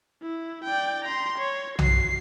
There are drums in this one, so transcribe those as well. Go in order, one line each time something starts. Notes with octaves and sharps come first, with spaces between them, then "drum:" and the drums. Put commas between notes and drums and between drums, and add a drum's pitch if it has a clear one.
E4
D5 G5
A#5 C6
C#5
F#4 C7, drum: tom B1